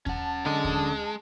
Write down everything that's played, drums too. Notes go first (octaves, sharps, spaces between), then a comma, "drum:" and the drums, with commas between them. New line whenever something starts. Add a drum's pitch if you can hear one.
C#4 F#5 A5, drum: kick D#2
D3 G#3
drum: kick D#2